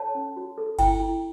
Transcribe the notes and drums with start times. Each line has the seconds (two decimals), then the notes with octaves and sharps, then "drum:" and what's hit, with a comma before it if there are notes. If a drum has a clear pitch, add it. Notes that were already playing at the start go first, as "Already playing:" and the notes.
Already playing: A4 C#5 A5
0.15 C#4
0.37 F#4
0.58 A4
0.79 E4 G5, drum: kick G1, cymbal
1.00 E4